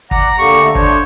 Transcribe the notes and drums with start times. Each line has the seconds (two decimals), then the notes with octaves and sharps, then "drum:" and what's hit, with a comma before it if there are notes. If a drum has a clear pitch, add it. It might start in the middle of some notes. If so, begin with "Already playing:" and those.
0.11 D5 F#5 A#5, drum: kick
0.39 D3 A#3 G4 C#6
0.60 D3 A3 A4
0.75 D4 C5 C#5, drum: kick